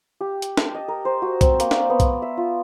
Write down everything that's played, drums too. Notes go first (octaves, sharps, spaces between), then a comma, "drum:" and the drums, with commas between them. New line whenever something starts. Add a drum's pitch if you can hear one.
G4
drum: hi-hat
A5, drum: snare
D#5
A#4
C5
F#4
C4, drum: kick B1, hi-hat
A#3, drum: hi-hat
D5, drum: snare
B3
drum: kick B1, hi-hat
E5
F4